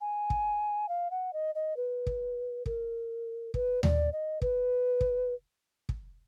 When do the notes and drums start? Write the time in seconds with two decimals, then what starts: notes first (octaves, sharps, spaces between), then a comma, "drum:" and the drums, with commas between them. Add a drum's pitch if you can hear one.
0.01 G#5
0.30 drum: kick
0.89 F5
1.11 F#5
1.33 D#5
1.55 D#5
1.77 B4
2.07 drum: kick
2.66 A#4, drum: kick
3.54 B4, drum: kick
3.83 D5, drum: tom D#2
4.13 D#5
4.42 B4, drum: kick
5.01 drum: kick
5.89 drum: kick